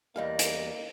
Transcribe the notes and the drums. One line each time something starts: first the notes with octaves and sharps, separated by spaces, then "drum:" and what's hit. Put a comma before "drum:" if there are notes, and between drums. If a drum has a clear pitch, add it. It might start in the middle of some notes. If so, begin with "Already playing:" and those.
E2 G3 A#3 D#5 F5
drum: hi-hat